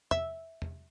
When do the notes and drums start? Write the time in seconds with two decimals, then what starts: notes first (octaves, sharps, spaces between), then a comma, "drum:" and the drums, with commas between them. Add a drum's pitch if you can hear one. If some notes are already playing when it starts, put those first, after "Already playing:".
0.11 E5, drum: tom E2
0.62 drum: tom E2